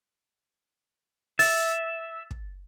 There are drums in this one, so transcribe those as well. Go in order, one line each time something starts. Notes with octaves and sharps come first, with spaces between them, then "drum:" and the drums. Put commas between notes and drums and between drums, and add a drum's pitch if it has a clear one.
E5 A6, drum: open hi-hat
drum: kick